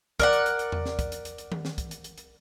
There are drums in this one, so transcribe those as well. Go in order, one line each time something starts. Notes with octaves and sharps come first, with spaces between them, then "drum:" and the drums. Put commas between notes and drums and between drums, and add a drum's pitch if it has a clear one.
A#4 D5 F#5, drum: kick, hi-hat
drum: hi-hat
drum: hi-hat
drum: hi-hat
drum: tom E2
drum: snare
drum: kick, hi-hat
drum: hi-hat
drum: hi-hat
drum: hi-hat
drum: tom D#3
drum: snare
drum: kick, hi-hat
drum: hi-hat
drum: hi-hat
drum: hi-hat